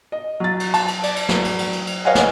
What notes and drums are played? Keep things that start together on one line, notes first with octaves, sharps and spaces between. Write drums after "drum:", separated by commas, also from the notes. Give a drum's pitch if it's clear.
D#5
F#3 A6
drum: cymbal
A5, drum: cymbal
drum: cymbal
D5, drum: cymbal
drum: cymbal
F#3, drum: snare
drum: cymbal
drum: cymbal
drum: cymbal
drum: cymbal
B4 C#5 D#5 F5 F#5 G#5
drum: snare